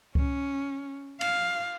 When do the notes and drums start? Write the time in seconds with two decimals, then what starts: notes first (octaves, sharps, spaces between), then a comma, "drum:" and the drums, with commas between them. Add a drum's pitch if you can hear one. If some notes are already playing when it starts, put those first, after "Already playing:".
0.15 C#4, drum: kick C#2
1.21 F5, drum: cymbal